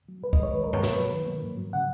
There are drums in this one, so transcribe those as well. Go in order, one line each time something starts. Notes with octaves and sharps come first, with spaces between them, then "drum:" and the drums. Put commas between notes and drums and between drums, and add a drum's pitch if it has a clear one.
F#3
A#2 B4
D#5, drum: kick
G#3 C#5
D#3 B4
A#4
F#3
C#5, drum: tom G2
B2 B4, drum: snare
B4
F#3
D#3
A#3
G#2
F#3
C#3 F#5